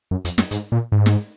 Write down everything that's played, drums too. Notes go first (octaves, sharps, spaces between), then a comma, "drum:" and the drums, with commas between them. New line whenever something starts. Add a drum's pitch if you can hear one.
F#2
F2, drum: hi-hat
F#2, drum: snare
G#2, drum: hi-hat
A#2
G#2
drum: snare